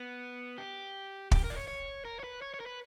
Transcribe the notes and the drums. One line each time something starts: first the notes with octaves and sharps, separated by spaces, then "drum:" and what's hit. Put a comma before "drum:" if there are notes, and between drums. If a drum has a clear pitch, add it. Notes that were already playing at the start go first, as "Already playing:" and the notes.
Already playing: B3
G4
G4, drum: kick
A#4
D5
C#5
C#5
A#4
C#5
B4
C#5
C#5
A#4
B4